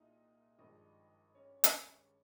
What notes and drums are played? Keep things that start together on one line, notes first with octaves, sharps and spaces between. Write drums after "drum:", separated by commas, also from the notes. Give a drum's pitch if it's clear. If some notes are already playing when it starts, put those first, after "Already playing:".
Already playing: C2 A#2 G#3 D#4 D#5
G#1 G2 F3 G#3 D#4 D#5
C#4 C#5
drum: hi-hat